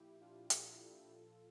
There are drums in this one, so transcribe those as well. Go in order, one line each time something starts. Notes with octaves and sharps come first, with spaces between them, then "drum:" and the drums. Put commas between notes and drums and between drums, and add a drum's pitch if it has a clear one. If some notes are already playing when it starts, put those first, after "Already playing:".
Already playing: A#2 F3 E4 G4
D4 F4
F4 A4, drum: hi-hat
A#2 F3